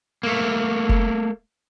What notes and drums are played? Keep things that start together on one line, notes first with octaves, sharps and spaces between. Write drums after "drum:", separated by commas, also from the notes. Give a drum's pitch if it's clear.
A3 A#3
drum: kick F1